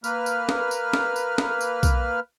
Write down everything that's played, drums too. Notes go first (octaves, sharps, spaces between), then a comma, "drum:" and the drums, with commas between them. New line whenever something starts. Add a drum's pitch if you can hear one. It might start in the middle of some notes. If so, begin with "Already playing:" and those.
A#3 B4 F6, drum: tambourine
drum: tambourine
drum: snare
drum: tambourine
drum: snare
drum: tambourine
drum: snare
drum: tambourine
drum: kick, tambourine